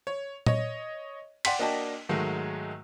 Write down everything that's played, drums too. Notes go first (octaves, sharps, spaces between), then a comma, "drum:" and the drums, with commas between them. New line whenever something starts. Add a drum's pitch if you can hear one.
C#5
C#5 D#5, drum: tom A#2
D5 F#5 G5 C6 B6, drum: cymbal
A#3 D4 F#4 D#5 G5 A5
G#2 D#3 F#3 G#3 A3